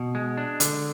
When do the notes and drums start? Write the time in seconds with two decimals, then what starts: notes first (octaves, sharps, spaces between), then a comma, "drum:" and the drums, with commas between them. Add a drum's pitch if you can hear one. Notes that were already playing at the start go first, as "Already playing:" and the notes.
Already playing: B2
0.15 G#3
0.37 D4
0.60 D3, drum: hi-hat